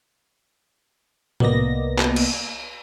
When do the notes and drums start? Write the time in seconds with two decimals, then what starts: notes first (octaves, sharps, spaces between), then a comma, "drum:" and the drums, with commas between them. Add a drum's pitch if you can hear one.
1.40 C2 A#3 B3 D5 D#5 A#6, drum: tom A2
1.99 drum: clap
2.16 drum: cymbal